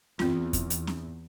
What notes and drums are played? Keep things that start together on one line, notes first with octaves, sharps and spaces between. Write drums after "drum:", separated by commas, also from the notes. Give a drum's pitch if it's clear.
E2 C4 F4, drum: snare C4
drum: kick E2, hi-hat
drum: hi-hat
drum: snare C4